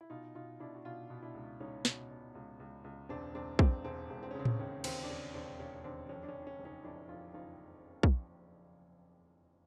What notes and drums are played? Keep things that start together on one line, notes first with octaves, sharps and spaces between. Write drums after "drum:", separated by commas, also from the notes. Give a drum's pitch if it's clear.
E4
B2 D#4 F4
B2 D#4 F4
B2 D4 E4
F#4
B2 D#4 F4
B2
D4 E4
C#2
C#2 C#4 D#4
B2, drum: snare
B2
C#2
C#2
C#2
E1 C4 D4
E1 C4 D4
E1 C4 D4, drum: kick
E1 C4
E1
C4
C#4
C#3 C4
drum: tom A2
D#2 C#4
D#2 C4, drum: cymbal
D4
E1 C#4
E1 C4 D4
E1 C#4
D#2 C4 D4
F2 C#4
D4
C#4
F2
D4
C#4
F#1
C#4 D#4
F2 D4 E4
F2 D#4 F4
F#1 D#4 F4
drum: kick